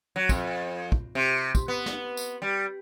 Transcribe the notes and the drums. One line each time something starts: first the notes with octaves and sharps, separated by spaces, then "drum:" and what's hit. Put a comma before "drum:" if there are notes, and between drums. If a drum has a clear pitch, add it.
F#3
F2, drum: kick, tambourine
drum: kick
C3
drum: kick, tambourine
B3
drum: snare
drum: tambourine
G3